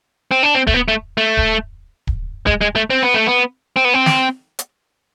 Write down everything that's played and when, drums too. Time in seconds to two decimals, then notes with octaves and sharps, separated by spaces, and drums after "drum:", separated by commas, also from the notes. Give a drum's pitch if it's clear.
0.31 C4
0.43 D4
0.55 C4
0.67 A3, drum: kick D1
0.74 B3
0.88 A3
1.18 A3
1.37 drum: kick D1
2.07 drum: kick D1
2.47 G#3, drum: kick D1
2.61 G#3
2.76 A3
2.90 C4
3.03 B3
3.14 A3
3.27 B3
3.76 C4
3.85 B3
3.94 C4
4.06 drum: snare
4.59 drum: hi-hat